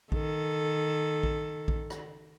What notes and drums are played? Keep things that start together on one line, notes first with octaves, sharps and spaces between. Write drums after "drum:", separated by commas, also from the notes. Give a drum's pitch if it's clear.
D#3 A4, drum: kick A#1
drum: kick A#1
drum: kick A#1
drum: rim click